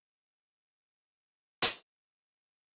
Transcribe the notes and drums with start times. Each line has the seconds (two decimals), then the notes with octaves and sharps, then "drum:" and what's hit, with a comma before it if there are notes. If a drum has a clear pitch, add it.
0.84 F#2 D3
1.62 drum: hi-hat